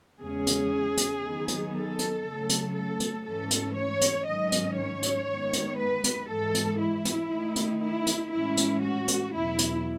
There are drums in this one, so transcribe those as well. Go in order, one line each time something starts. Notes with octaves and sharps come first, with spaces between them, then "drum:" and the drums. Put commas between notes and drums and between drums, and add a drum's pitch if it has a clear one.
E2 C#3 G#3 C#4 G#4
drum: hi-hat
drum: hi-hat
D#3 F#3 B3 D#4
drum: hi-hat
A4
drum: hi-hat
C#3 F#3 A3
drum: hi-hat
A4
drum: hi-hat
G#2 E3 A3 C#4 A4
drum: hi-hat
C#5
drum: hi-hat
G#2 D#3 F#3 C#4 D#5
drum: hi-hat
C#5
drum: hi-hat
D#3 G#3 B3
drum: hi-hat
B4
drum: hi-hat
G#2 E3 G#3 A4
drum: hi-hat
E4
drum: hi-hat
D#3 A3 D#4
drum: hi-hat
E4
drum: hi-hat
A2 E3 G#3 C#4 E4
drum: hi-hat
F#4
drum: hi-hat
E2 B2 F#3 E4
drum: hi-hat